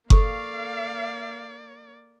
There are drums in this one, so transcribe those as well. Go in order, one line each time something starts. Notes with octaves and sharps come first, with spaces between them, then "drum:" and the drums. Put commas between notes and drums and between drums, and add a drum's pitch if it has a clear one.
A#3 A4 D5 F5 C#6, drum: kick F#1